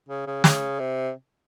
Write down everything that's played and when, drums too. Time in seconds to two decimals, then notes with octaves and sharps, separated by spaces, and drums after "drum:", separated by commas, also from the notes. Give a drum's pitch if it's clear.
0.09 C#3
0.26 C#3
0.44 C#3, drum: snare
0.79 C3